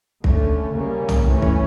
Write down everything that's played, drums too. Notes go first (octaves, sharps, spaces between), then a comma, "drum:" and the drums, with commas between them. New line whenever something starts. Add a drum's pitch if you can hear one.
D3 A3 C#4, drum: kick
C#3 G3 A#3 C#4
drum: tom
E3 A3 C#4
drum: kick